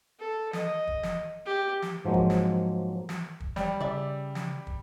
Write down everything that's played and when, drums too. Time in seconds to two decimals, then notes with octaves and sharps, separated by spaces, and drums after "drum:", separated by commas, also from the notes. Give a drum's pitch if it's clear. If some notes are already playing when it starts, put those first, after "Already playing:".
0.20 A4
0.53 D#5, drum: snare
0.88 drum: kick
1.03 drum: snare
1.46 G4
1.82 drum: snare
2.05 G#2 F3 F#3 G#3 A#3
2.14 drum: kick
2.30 drum: snare
3.09 drum: snare
3.40 drum: kick
3.56 G3, drum: snare
3.81 C#3 D5 E5
4.35 drum: snare
4.67 drum: kick